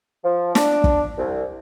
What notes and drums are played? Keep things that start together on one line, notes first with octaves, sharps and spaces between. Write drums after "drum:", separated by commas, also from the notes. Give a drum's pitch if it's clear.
F3
D4, drum: snare
drum: kick
C2